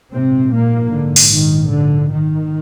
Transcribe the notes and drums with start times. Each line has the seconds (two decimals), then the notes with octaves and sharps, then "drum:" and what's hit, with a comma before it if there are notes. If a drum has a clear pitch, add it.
0.13 A#1 G#2 C3 C4
0.52 A#2 A#3
0.92 D3
1.16 drum: open hi-hat
1.33 D#3
1.72 D3
2.12 D#3